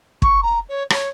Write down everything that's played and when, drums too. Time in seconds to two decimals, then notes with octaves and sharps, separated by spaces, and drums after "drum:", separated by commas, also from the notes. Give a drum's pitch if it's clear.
0.22 C#6, drum: kick
0.42 A#5
0.69 C#5
0.90 C#5, drum: rim click